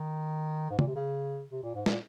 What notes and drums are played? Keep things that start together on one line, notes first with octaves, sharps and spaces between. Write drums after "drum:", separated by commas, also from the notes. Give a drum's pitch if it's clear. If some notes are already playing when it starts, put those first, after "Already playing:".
Already playing: D#3
G#2
A#2, drum: tom
C3
C#3
C3
A#2
G#2
A#2, drum: snare